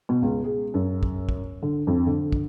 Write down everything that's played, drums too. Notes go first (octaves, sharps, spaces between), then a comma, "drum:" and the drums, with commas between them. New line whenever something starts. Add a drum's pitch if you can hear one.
B2
C#2
G#4
F#2
drum: kick
drum: kick
D3
F2
D3
drum: kick